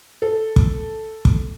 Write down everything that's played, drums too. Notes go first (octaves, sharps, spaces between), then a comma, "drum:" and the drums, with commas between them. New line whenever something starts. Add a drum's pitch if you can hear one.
A4
drum: kick
drum: kick